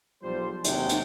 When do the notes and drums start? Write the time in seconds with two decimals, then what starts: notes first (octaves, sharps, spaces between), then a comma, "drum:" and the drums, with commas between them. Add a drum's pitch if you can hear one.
0.23 B1 F3 G3 C5
0.64 D#2 C3 F#3 G#3 G5, drum: hi-hat
0.89 drum: hi-hat